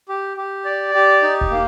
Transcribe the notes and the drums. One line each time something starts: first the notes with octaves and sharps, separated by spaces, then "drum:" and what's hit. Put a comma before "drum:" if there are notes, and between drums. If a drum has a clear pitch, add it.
G4
G4
D5
G4
D#4
drum: kick E1
A#3